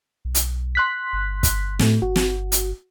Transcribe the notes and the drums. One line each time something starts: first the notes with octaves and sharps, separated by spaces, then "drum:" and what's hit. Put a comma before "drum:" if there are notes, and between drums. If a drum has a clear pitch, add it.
B1
drum: hi-hat
C6 F#6 B6
G1
drum: kick, hi-hat
A2 A3, drum: snare
G1 F#4
drum: snare
drum: hi-hat